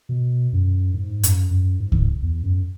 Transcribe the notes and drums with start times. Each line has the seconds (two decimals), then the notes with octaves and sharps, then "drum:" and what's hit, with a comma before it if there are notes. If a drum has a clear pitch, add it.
0.09 B2
0.53 F#2
0.94 G#2
1.23 F#2, drum: hi-hat
1.51 F#2
1.80 G#2
1.92 drum: kick C#2
2.22 E2
2.43 F#2